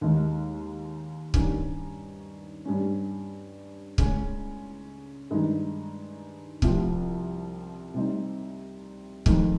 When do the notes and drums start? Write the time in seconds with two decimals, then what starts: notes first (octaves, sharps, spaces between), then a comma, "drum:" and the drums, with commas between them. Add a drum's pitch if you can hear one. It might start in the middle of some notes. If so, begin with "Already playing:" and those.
0.01 D#2 D#3 G#3 D#4
1.34 G2 D#3 G3 C#4, drum: kick C#1
2.65 G2 G3 C#4
3.98 C#2 C#3 G#3 C#4, drum: kick C#1
5.30 G2 D#3 G#3 D#4
6.62 C2 C3 F3 C4 F4, drum: kick C#1
7.94 C3 G3 C4 D#4
9.26 F2 D#3 G#3 D#4, drum: kick C#1